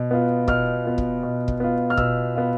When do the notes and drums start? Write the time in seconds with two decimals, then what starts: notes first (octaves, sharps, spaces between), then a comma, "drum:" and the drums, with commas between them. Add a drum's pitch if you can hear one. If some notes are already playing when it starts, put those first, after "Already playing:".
Already playing: B2
0.11 B3 F4
0.48 B2 F6, drum: kick
0.85 B3 F4
0.98 drum: kick
1.23 B2
1.48 drum: kick
1.60 B3 F4
1.90 F6
1.97 B2 E6, drum: kick
2.36 B3 F4